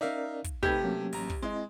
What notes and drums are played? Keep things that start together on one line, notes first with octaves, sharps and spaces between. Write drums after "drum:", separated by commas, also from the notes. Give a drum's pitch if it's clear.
C#4 D#4 A#4 D5 E5 F5
drum: kick, hi-hat
C3 A3 D#4 G4 B4 B5 G#6, drum: kick
F#3 A#3 C#4
A1 A#5, drum: open hi-hat
drum: kick
G#3 C4 E4 D#5 C6